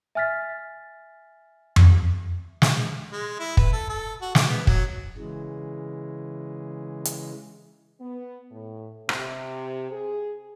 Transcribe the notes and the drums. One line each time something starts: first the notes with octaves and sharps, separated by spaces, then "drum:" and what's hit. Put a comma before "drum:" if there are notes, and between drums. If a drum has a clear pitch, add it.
E5 G#5 F6 A6 B6
drum: tom F2
drum: snare
G#3
E4
B4, drum: kick
A4
A4
F#4
D6, drum: snare
B3
F#3, drum: kick
C#3 E3 G#3
drum: hi-hat
B3
A2
C3, drum: rim click
G#4